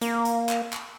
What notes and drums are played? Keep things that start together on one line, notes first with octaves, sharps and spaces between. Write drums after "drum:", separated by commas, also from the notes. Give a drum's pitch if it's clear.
A#3, drum: hi-hat
drum: hi-hat
drum: clap
drum: clap